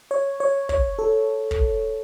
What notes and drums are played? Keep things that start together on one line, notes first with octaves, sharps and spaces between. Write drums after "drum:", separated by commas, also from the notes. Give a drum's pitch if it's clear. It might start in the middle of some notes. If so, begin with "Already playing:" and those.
C#5
C#5
C#5, drum: kick
A4
drum: kick